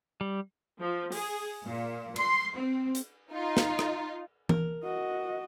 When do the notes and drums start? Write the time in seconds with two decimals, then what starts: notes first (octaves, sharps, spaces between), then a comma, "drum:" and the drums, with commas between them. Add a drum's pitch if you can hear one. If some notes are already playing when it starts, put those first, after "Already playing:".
0.21 G3
0.80 F3
1.12 G#4, drum: open hi-hat
1.65 A#2
2.16 C6, drum: cymbal
2.56 C4
2.95 drum: hi-hat
3.32 D#4 F4
3.57 drum: snare
3.79 drum: rim click
4.49 A#4, drum: tom E3
4.83 F#4 D#5